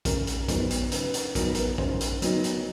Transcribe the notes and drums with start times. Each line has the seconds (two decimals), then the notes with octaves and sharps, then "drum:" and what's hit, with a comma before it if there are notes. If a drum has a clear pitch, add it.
0.05 C#3 A#4, drum: kick A#1, hi-hat
0.27 drum: hi-hat
0.48 F#3 B3 D#4 C5, drum: kick A#1, hi-hat
0.70 drum: hi-hat
0.92 C#3 B4, drum: hi-hat
1.14 drum: hi-hat
1.35 F#3 B3 D#4 A#4, drum: kick A#1, hi-hat
1.45 B4
1.54 A#4, drum: hi-hat
1.78 C#3 C5, drum: kick A#1
2.00 drum: hi-hat
2.22 F#3 B3 D#4, drum: hi-hat
2.44 drum: hi-hat